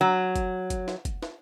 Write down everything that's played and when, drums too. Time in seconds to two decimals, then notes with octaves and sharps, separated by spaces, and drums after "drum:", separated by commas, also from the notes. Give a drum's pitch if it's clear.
0.01 F#3
0.36 drum: kick, hi-hat
0.70 drum: kick, hi-hat
0.88 drum: snare
1.05 drum: kick, hi-hat
1.22 drum: snare